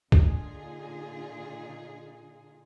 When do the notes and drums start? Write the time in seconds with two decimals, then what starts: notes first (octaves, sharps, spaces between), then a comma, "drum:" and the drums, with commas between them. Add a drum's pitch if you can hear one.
0.12 A#2 D3 D#4 F4 G#4, drum: kick